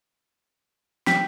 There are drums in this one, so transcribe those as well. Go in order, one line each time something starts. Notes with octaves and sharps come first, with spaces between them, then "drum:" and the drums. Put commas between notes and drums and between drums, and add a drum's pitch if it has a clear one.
G5 B6, drum: snare